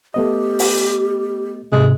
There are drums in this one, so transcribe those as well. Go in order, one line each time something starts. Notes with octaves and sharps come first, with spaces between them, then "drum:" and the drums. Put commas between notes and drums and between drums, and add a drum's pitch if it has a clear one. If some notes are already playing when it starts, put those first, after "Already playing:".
A3 B3 G4 D#5
drum: open hi-hat
G#2 C3 G#3